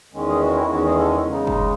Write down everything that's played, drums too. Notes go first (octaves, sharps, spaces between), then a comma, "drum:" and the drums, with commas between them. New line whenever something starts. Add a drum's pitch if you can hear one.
E2 D#3 G#3 C#4
G#4
F#4
E4
E2 D#3 G#3 C#4 F#4
G#4
A4
C#3 G#3 D#4
drum: kick